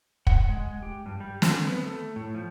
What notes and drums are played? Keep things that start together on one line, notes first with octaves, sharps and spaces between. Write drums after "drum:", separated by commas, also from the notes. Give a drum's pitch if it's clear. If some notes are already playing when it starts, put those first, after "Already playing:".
F#5, drum: kick
G#3
G4
G2
G3
D3, drum: snare
B3
A3
A2
F3